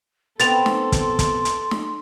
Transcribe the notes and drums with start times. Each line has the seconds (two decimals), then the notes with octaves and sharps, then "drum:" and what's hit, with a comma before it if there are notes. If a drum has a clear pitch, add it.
0.40 B3 C4 A4 C6 A6 F7, drum: hi-hat
0.66 drum: snare
0.92 drum: kick, hi-hat
1.19 drum: kick, hi-hat
1.45 drum: hi-hat
1.71 drum: snare